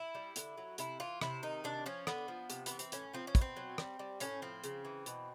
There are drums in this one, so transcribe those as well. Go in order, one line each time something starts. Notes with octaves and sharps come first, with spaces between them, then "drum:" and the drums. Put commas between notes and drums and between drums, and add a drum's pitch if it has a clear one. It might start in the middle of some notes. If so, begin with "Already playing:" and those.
Already playing: E4
G3
D3, drum: hi-hat
F#3
C3 E4, drum: hi-hat
E3 F4
C3 E4, drum: rim click
D#3 D#4
C3 D4
F3 C#4
D3 B3, drum: rim click
F3
C3, drum: hi-hat
E3 B3, drum: hi-hat
C4, drum: hi-hat
A2 C#4, drum: hi-hat
F3 C4
C#4
B2, drum: kick, hi-hat
C4
F#3
G3, drum: rim click
G3
A2 C#4, drum: hi-hat
F3 C4
C#3, drum: hi-hat
E3
B2, drum: hi-hat